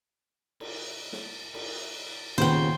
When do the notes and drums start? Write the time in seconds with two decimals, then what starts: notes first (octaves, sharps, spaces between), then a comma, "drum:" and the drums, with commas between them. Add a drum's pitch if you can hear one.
0.60 drum: cymbal
1.13 drum: snare
1.54 drum: cymbal
2.38 D#2 A#2 C#3 B3 C5 G5